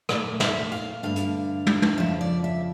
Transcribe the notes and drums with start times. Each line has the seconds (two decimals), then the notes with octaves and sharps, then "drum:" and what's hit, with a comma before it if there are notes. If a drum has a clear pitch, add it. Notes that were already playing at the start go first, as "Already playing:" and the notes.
0.09 A#2 A3 D5, drum: rim click
0.40 E5, drum: snare
0.72 F5
1.03 G2 D3 A3 F5
1.16 drum: hi-hat
1.66 drum: tom
1.82 drum: tom
1.98 F2 C#3 F3 E5
2.21 D5
2.44 E5